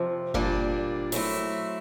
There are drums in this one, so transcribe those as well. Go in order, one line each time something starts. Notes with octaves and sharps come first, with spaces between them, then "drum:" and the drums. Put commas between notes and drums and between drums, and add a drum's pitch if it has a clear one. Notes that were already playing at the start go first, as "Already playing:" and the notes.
Already playing: F2 C3 F3
A#2 G3 A#3 D4, drum: kick F#1
F#3 A3 C4 E4, drum: open hi-hat